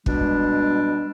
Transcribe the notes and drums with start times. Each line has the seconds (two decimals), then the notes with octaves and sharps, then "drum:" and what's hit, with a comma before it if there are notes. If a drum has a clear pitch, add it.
0.06 B2 G3 G#3 D4, drum: kick